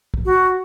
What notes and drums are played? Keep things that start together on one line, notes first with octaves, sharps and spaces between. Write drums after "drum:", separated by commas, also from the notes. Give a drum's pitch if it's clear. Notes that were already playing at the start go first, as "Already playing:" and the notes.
drum: kick
F#4